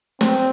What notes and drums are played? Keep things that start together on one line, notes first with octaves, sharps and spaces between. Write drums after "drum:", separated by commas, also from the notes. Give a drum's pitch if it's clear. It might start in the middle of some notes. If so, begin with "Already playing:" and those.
C4, drum: snare